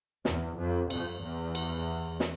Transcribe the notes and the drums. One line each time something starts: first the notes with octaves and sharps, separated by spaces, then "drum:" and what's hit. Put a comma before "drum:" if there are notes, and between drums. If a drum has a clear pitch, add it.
E2, drum: snare
F2
F2, drum: cymbal
E2
drum: cymbal
drum: snare